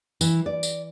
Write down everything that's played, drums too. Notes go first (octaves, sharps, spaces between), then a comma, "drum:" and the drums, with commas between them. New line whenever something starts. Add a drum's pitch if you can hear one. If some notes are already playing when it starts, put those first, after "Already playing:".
E3, drum: tambourine
D5
drum: tambourine